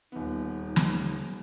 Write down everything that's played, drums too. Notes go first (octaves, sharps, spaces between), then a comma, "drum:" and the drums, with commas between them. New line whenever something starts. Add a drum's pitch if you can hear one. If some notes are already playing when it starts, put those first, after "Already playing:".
D#1 B3 D#4
drum: snare